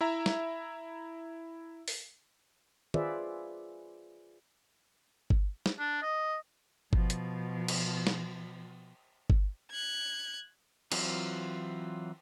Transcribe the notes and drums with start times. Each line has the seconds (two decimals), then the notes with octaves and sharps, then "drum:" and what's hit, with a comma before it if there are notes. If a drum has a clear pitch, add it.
0.01 E4 E5 A#5
0.26 drum: snare
1.88 drum: open hi-hat
2.94 F4 G#4 B4 C5 D5 E5, drum: tom
5.30 drum: kick G1
5.66 drum: snare
5.78 D4
6.02 D#5
6.93 B2 F3, drum: kick G1
7.10 drum: hi-hat
7.68 drum: cymbal
8.07 drum: snare
9.30 drum: kick G1
9.71 F#6 G#6
10.92 E3 F#3 C4 F4, drum: cymbal